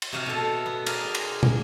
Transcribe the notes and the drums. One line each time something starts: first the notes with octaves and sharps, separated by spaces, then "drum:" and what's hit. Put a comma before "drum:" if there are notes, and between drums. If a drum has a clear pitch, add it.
drum: cymbal
C3 F#4 F5
B2 A4
B3
G#4 A#4 D5 F5, drum: cymbal
drum: cymbal
drum: tom